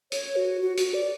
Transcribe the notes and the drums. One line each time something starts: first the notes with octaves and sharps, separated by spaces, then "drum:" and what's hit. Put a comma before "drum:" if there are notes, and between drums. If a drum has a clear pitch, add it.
C#5, drum: hi-hat
F#4
F#4
F#4, drum: hi-hat
D5